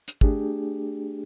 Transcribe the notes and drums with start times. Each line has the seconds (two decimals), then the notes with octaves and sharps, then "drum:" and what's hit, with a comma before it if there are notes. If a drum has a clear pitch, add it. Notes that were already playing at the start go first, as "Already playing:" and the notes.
0.08 drum: hi-hat
0.21 A3 D4 G4 G#4, drum: kick